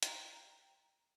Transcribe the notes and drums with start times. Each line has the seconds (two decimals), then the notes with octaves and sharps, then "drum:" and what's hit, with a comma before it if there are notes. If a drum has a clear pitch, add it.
0.03 G5 A#5, drum: hi-hat